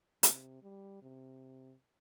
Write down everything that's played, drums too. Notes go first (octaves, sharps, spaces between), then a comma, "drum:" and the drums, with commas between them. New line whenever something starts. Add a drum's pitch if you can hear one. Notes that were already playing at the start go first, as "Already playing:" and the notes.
C3, drum: hi-hat
G3
C3